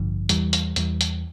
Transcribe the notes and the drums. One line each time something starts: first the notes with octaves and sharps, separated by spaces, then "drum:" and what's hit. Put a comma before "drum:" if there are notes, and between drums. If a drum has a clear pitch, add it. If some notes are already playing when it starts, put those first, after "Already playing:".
Already playing: A1 G2 D3 F3
E2 E3 G3, drum: hi-hat
drum: hi-hat
E2 E3 G3, drum: hi-hat
drum: hi-hat